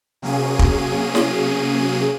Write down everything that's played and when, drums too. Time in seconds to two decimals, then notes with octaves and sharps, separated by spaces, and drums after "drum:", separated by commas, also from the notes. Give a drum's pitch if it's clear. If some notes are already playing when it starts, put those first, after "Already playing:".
0.22 C3 F#3 A#3 C#4 G#4 D#7
0.59 drum: kick
1.15 drum: snare